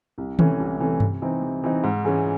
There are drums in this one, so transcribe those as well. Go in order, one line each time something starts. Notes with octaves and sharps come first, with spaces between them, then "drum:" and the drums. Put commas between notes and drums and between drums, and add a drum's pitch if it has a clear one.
C2
C3 E3 A3 C#4, drum: tom D#3
C2
C3 E3 A3 C#4
C3, drum: tom G2
E3 C4 D#4
C3
E3 C4 D#4
G#2
E3 G#3 C#4